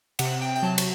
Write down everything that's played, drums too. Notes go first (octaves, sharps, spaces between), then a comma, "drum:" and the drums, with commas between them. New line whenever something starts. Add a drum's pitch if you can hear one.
C3 F#5, drum: cymbal
G5
G5
F#3 A5
drum: cymbal